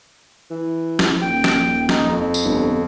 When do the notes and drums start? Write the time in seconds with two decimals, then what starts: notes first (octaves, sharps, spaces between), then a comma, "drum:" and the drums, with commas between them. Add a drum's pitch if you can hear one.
0.50 E3
0.99 drum: snare
1.22 D#1 G5
1.44 drum: snare
1.89 D#4, drum: snare
2.08 F2
2.34 drum: tambourine
2.44 G1